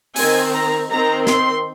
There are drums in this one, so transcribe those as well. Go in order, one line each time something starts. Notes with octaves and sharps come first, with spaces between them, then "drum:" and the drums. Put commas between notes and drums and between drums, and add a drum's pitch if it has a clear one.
D#3 C4 G#5, drum: open hi-hat
A#5
D#3 C4 A#5
C6, drum: snare